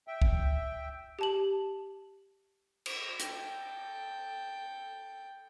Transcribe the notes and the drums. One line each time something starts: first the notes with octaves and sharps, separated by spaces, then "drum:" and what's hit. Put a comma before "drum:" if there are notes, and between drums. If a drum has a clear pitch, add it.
E5 G5
drum: kick C#2
G4 A5 F#7
drum: cymbal
A4 G5, drum: hi-hat